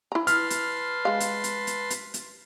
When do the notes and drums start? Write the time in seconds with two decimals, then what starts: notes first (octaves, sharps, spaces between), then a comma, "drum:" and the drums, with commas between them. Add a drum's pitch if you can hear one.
0.12 E4 A#5
0.27 B4 A5 C6 F6, drum: hi-hat
0.50 drum: hi-hat
1.05 G#3 F5
1.20 drum: hi-hat
1.44 drum: hi-hat
1.67 drum: hi-hat
1.90 drum: hi-hat
2.14 drum: hi-hat